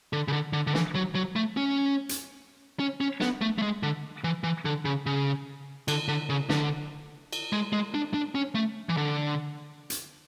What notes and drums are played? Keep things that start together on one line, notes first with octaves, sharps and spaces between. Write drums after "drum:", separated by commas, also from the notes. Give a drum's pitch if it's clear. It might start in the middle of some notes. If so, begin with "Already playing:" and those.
D3
C#3
D3
D3
D3
E3, drum: snare
F#3
F#3
A3
C#4
drum: hi-hat
C#4
C#4
B3, drum: snare
A3
A3
G#3
D3
E3
E3
D3
C#3
C#3
D3, drum: cymbal
D3
C#3
D3, drum: snare
drum: cymbal
G#3
G#3
D4
D4
C#4
A3
E3
D3
drum: hi-hat